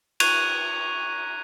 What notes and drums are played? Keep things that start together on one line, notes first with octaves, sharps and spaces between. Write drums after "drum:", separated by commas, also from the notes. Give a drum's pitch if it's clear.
C#6 F#6 G#6 D#7 F7, drum: cymbal